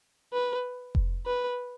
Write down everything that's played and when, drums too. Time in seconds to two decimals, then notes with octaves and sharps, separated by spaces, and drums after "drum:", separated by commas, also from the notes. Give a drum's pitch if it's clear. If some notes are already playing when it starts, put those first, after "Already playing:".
0.33 B4
0.95 drum: kick F1
1.26 B4